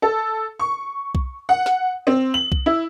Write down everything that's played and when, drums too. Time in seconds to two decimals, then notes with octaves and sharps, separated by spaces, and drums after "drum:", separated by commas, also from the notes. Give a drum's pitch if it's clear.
0.02 A4
0.60 C#6
1.15 drum: kick B1
1.49 F#5
1.66 drum: snare
2.07 C4
2.34 F#7
2.52 drum: kick B1
2.66 E4